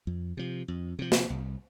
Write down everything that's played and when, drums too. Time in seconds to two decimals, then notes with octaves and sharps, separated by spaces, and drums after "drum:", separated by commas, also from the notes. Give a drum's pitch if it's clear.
0.07 F2
0.37 C3 F3
0.68 F2
0.99 C3 F3
1.12 drum: snare
1.30 C2